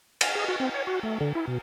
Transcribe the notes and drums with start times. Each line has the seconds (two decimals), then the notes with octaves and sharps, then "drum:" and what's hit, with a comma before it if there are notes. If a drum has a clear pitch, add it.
0.21 G#5, drum: cymbal
0.35 G#4
0.48 F#4
0.60 C4
0.74 C#5
0.87 F#4
1.03 A3
1.20 D3
1.35 E4
1.47 B2